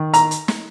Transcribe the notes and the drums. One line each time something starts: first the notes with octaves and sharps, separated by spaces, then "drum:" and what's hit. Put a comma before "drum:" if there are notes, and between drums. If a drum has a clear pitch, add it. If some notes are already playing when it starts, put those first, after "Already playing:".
Already playing: D#3
A#5, drum: hi-hat
drum: hi-hat
drum: snare